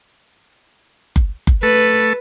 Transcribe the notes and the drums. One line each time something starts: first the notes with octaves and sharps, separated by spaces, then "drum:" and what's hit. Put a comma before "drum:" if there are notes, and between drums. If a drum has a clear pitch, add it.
drum: kick F#1
drum: kick F#1
A3 A4 B4